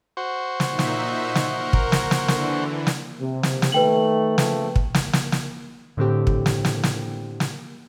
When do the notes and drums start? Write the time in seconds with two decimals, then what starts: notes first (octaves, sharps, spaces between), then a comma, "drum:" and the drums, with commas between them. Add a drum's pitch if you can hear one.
0.17 F#4 C5
0.60 drum: snare
0.70 A#2 D#4 E5
0.79 drum: snare
1.35 drum: snare
1.52 A#4
1.73 drum: kick
1.92 drum: snare
2.11 drum: snare
2.28 D3 E3, drum: snare
2.87 drum: snare
3.20 C3
3.43 drum: snare
3.62 drum: snare
3.72 D#3 A3 B4 G5 F#7
4.38 C#3 F3 A3, drum: snare
4.76 drum: kick
4.94 drum: snare
5.13 drum: snare
5.32 drum: snare
5.97 A2 D3 C4 G4
6.27 drum: kick
6.46 drum: snare
6.65 drum: snare
6.83 drum: snare
7.40 drum: snare